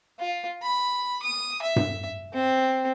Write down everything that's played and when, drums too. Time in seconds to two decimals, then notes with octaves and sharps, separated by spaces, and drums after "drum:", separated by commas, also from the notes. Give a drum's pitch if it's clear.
0.20 F4
0.63 B5
1.23 D#6
1.62 E5
1.76 drum: tom G2
2.34 C4